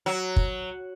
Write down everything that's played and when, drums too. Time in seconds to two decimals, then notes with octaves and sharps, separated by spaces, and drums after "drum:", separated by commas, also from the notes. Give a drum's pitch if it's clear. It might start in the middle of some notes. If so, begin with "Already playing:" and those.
0.06 F#3
0.36 drum: kick